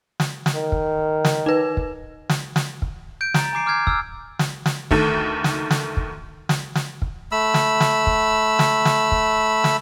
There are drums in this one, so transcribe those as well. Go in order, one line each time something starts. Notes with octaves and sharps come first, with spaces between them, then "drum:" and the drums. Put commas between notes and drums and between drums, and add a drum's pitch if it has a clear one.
drum: snare
drum: snare
D#3
drum: kick
drum: snare
D#4 B4
drum: kick
drum: snare
drum: snare
drum: kick
G6 D7
A#5 A6, drum: snare
G#5 A#5 D6 C7 D7
D6 F6 G6 G#6 C7
E6 F6, drum: kick
drum: snare
drum: snare
D2 D#3 A3, drum: kick
drum: snare
drum: snare
drum: kick
drum: snare
drum: snare
drum: kick
A3 B5 E6
drum: snare
drum: snare
drum: kick
drum: snare
drum: snare
drum: kick
drum: snare